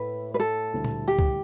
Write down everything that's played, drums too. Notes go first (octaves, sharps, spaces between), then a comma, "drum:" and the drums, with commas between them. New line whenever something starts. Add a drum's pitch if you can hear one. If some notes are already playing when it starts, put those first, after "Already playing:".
Already playing: A2 A3 E4 B4
B4
A4
D2 D3 G3 E4
drum: tom A#2
G4
drum: kick